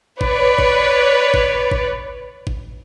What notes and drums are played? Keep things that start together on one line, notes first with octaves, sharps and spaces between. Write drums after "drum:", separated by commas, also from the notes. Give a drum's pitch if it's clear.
B4 C#5 D5, drum: kick
drum: kick
drum: kick
drum: kick
drum: kick